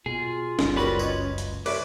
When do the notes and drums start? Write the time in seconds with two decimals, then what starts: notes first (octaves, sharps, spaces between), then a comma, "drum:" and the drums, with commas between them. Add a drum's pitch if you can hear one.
0.06 B2 F4 G#4
0.59 F#1 C#2 G2, drum: snare
0.76 G3 C#4 F#4 A#4 B4
0.99 C#5 D#5, drum: tambourine
1.38 drum: hi-hat
1.66 C2 C#4 D4 B4 E5 D6, drum: cymbal